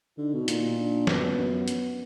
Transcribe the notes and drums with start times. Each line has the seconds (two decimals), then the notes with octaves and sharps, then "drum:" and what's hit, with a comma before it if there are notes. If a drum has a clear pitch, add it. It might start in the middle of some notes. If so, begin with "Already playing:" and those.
0.18 D3 D#4
0.33 B2
0.48 A#2, drum: hi-hat
0.78 D4
1.07 F#2 B3, drum: snare
1.38 F#2
1.68 drum: hi-hat